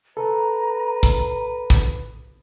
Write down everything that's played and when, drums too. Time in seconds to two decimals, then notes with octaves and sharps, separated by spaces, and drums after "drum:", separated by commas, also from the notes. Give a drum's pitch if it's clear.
0.17 A4 B4 A#5
1.03 drum: kick
1.70 drum: kick